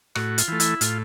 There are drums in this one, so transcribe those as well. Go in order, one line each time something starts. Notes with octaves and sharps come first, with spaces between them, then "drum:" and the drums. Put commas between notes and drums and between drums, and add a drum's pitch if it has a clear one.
A2 F#4, drum: rim click
F4, drum: hi-hat
E3 A3
E4, drum: hi-hat
A2 F4, drum: hi-hat